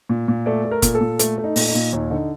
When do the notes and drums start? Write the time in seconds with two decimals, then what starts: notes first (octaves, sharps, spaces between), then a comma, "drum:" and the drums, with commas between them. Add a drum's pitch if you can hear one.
0.09 A#2
0.28 A#2
0.46 A3 D5
0.65 A3
0.71 A#4
0.82 A#2, drum: kick F#1, hi-hat
0.95 A4
1.01 A#2
1.19 A3, drum: hi-hat
1.38 A3
1.44 D#4
1.56 A#2, drum: open hi-hat
1.68 D#4
1.75 A#2
1.92 D#2 D#4
2.10 D3 D#4